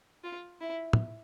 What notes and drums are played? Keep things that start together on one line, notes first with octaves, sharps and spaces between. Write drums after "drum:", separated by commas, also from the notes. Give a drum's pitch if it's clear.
F4
E4
drum: tom